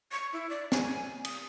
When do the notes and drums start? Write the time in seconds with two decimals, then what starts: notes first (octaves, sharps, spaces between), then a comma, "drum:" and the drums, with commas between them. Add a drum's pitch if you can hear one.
0.12 C#6
0.33 E4
0.49 D5
0.72 G#5, drum: snare
1.25 D#6, drum: cymbal